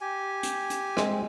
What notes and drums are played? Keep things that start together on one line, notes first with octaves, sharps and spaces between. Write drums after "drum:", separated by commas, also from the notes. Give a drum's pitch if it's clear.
G4 G#5
drum: hi-hat
drum: hi-hat
G#3 C4, drum: rim click